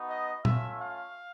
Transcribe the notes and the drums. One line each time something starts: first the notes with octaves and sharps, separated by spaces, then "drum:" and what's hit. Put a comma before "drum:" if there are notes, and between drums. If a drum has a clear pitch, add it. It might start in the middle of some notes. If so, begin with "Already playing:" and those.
Already playing: B3 D#4 F#4
D#5
A3 C#4 F4 E5, drum: tom A#2
F5